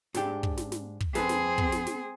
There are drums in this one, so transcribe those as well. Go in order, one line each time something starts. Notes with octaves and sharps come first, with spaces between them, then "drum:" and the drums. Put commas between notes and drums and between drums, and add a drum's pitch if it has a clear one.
G#2 D4 G4, drum: snare
drum: kick
drum: snare
drum: snare
drum: kick
F2 C4 G#4 A4 B4, drum: snare
drum: snare
drum: kick
drum: snare
drum: snare